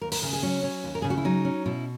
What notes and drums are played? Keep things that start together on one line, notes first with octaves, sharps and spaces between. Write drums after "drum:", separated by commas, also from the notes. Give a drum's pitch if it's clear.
D#2 A#4
A#4, drum: open hi-hat
C#3 A#4
G#4
F#3 C#4
C#4
D#2
A#4
C#3 G#4
F#4
E4
F#3 D#4
C#4
B2 E4